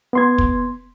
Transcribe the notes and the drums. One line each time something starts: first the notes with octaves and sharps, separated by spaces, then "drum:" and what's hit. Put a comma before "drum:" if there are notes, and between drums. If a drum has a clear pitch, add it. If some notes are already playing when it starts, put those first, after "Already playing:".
B3 C6 G#6
drum: kick